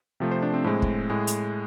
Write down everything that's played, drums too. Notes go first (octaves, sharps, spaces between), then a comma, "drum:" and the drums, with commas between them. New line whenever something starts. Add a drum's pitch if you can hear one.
C3 F3 A3
C5
D4
C4
A2 G#3 C4
drum: kick
A2 G#3 G#4
drum: hi-hat